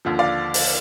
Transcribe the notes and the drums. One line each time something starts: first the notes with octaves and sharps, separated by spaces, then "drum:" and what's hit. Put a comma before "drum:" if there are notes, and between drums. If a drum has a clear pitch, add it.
D#2 D3 F3
D5 F5
drum: open hi-hat